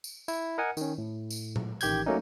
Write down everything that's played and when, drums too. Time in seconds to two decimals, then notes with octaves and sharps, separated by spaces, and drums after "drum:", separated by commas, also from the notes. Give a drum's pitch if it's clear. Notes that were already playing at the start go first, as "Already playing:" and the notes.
0.04 drum: tambourine
0.28 E4, drum: tambourine
0.58 A#4 D#5 F#5 G#5
0.77 D#3 C#4, drum: tambourine
0.98 A2
1.30 drum: tambourine
1.56 drum: tom A#2
1.81 A1 D#3 G4 G6 G#6, drum: tambourine
2.06 F#3 A3 A#3 C#4 D#4